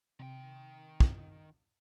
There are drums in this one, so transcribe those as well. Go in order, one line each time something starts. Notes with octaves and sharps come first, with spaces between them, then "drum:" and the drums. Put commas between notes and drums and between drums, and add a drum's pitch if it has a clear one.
C3 D#3 G5
drum: kick